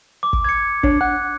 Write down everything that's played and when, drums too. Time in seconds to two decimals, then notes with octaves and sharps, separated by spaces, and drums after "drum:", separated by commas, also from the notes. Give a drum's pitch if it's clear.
0.23 D6
0.33 drum: kick
0.44 G#6 C#7
0.83 D4 C#5, drum: kick
1.01 F#5 F#6